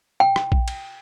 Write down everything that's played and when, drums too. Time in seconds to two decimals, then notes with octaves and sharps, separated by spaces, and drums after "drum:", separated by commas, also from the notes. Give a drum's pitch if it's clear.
0.20 G5
0.36 drum: rim click
0.52 drum: kick A#1
0.68 drum: cymbal